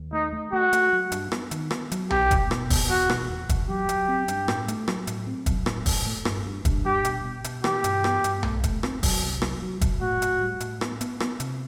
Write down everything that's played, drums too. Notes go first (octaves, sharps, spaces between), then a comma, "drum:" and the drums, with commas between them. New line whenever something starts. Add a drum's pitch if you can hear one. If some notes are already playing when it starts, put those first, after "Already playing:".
Already playing: D#2
A3 D#4
A3
A3 F#4
A3, drum: hi-hat
F#3
G2, drum: hi-hat
B3, drum: rim click
D#3, drum: hi-hat
B3, drum: rim click
F#3, drum: hi-hat
B3 G4, drum: tom B1
B2, drum: kick, hi-hat
B2, drum: rim click
B3, drum: kick, open hi-hat
E2 F#4
B2, drum: rim click
E2
E2, drum: kick, hi-hat
F#3 G4
F#3, drum: hi-hat
C4
G2, drum: hi-hat
A2, drum: rim click
A3, drum: hi-hat
F#3, drum: rim click
A2, drum: hi-hat
C4
F#3, drum: kick, hi-hat
A2, drum: rim click
A2, drum: kick, open hi-hat
A3
G2, drum: rim click
G2
G2, drum: kick, hi-hat
G3 G4
B2, drum: hi-hat
B2
B2, drum: hi-hat
E3 G4, drum: rim click
G2, drum: hi-hat
B3, drum: rim click
G2, drum: hi-hat
A3, drum: tom B1
A3, drum: kick, hi-hat
C4, drum: rim click
F#3, drum: kick, open hi-hat
C2
F#3, drum: rim click
F#3
F#3, drum: kick, hi-hat
A2 F#4
A2, drum: hi-hat
G3
A2, drum: hi-hat
B3, drum: rim click
B3, drum: hi-hat
B3, drum: rim click
C3, drum: hi-hat